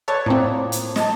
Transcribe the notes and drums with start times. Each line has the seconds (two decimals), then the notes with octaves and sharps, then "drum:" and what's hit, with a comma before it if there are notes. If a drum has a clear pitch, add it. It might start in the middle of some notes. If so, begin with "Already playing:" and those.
0.08 A4 B4 C#5 D5 F#5
0.26 A2 F3 A#3 C4 C#5
0.72 drum: hi-hat
0.96 D#5 A5, drum: snare